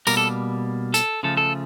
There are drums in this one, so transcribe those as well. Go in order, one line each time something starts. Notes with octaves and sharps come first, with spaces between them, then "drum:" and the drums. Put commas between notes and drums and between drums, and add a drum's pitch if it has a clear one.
B2 G3 A#3 A#4, drum: tambourine
A4
A4, drum: hi-hat
C#3 F3 A3 A4
A4